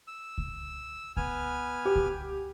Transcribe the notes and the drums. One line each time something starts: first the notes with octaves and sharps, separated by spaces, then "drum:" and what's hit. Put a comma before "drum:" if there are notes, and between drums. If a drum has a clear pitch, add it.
E6
drum: kick C#2
B3 G#5 F6, drum: kick C#2
G4
drum: kick C#2